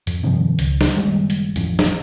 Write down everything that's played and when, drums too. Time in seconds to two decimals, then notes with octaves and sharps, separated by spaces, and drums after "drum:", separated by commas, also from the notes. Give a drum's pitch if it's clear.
0.07 F2, drum: hi-hat
0.23 G2 C3 D#3 F3
0.59 C#2, drum: hi-hat
0.81 drum: snare
0.97 F#1 D#3 G3 G#3
1.30 drum: hi-hat
1.56 A1 F2, drum: hi-hat
1.79 drum: snare